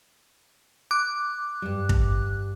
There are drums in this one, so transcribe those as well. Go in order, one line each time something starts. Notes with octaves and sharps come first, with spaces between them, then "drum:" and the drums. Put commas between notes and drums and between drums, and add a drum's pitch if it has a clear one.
D6 F#6
G2 G3
drum: kick